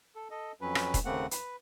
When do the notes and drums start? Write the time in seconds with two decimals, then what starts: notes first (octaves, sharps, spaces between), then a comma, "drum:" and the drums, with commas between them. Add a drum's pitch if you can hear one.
0.15 A4
0.30 A4 D#5
0.61 F2 F#3 C#4 B4
0.75 drum: rim click
0.94 drum: kick E1, hi-hat
1.05 D#2 C#3 A3 A#3 C4 F#5
1.31 B4, drum: hi-hat